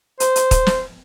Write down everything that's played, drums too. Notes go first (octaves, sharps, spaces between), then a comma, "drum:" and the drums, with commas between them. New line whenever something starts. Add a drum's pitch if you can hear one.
C5, drum: hi-hat
drum: hi-hat
drum: kick, hi-hat
drum: snare